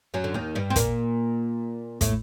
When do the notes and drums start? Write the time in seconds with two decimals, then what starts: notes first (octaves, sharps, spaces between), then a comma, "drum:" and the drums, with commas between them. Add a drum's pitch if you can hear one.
0.14 F#2 F#3
0.24 D3
0.34 D#2 D#3
0.55 G2 G3
0.70 C4
0.76 A#2 A#3, drum: kick, hi-hat
2.01 A2 A3, drum: kick, hi-hat